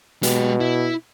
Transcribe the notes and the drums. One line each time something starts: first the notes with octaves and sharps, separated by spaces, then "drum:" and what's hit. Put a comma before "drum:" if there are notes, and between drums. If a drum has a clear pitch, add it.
B2 G#3 G4, drum: hi-hat
E4